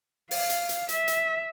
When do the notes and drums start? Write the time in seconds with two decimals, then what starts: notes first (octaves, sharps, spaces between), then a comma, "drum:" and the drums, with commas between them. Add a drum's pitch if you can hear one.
0.31 F5, drum: open hi-hat
0.50 drum: hi-hat
0.69 drum: hi-hat
0.89 E5, drum: hi-hat
1.08 drum: hi-hat